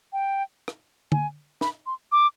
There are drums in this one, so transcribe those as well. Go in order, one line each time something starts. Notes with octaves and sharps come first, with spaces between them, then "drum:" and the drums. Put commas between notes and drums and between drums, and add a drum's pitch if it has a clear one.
G5
drum: rim click
G#5, drum: tom D3
B5, drum: snare
C6
D6